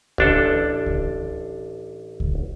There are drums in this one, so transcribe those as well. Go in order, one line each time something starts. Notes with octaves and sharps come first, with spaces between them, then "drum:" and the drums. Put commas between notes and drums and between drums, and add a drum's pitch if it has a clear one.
A1 D4 A4, drum: kick C#2
drum: kick C#2
drum: kick C#2